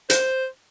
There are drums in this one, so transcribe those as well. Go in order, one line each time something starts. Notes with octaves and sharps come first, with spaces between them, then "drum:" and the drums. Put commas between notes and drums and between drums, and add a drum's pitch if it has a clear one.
C5, drum: hi-hat